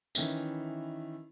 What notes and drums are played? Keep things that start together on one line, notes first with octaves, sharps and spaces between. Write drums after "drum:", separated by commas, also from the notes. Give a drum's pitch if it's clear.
D#3 E3 C#4 E4, drum: tambourine